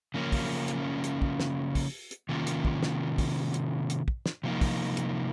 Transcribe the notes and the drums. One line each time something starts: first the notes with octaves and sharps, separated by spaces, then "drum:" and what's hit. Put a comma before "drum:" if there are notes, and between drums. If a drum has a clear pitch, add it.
C#3 F3 A#3 C#4
drum: kick, open hi-hat
drum: hi-hat
drum: hi-hat
drum: kick
drum: snare
drum: kick, open hi-hat
drum: hi-hat
C3 D#3 A#3 C#4 F4
drum: hi-hat
drum: kick
drum: snare
drum: kick, open hi-hat
drum: hi-hat
drum: hi-hat
drum: kick
drum: snare
C3 F3 A#3 D#4
drum: kick, open hi-hat
drum: hi-hat